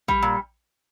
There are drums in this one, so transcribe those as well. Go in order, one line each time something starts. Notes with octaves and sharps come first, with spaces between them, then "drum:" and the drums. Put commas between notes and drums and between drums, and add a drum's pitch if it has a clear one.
G3, drum: kick A#1
A#2